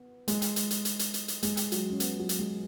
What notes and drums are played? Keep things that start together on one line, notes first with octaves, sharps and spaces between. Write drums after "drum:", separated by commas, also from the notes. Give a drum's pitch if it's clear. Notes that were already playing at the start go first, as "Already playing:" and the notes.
Already playing: B3
G#3, drum: hi-hat
drum: hi-hat
drum: hi-hat
drum: hi-hat
drum: hi-hat
drum: hi-hat
drum: hi-hat
drum: hi-hat
G#3, drum: hi-hat
drum: hi-hat
F#3, drum: hi-hat
C#4
B3, drum: hi-hat
F#3
drum: hi-hat
G#3